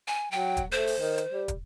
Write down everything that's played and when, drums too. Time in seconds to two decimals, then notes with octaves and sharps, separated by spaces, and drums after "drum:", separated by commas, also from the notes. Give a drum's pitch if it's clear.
0.08 G#5
0.32 F#3 G5
0.57 drum: kick, hi-hat
0.72 A3 C5
0.87 drum: open hi-hat
1.00 D#3
1.18 drum: hi-hat
1.32 G3
1.48 drum: kick, hi-hat